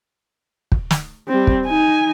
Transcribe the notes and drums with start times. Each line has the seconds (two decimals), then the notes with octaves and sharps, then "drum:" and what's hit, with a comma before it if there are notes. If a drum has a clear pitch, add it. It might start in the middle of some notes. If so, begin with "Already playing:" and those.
0.72 drum: kick
0.91 drum: snare
1.28 G3 C4
1.47 drum: kick
1.66 D#4 G#5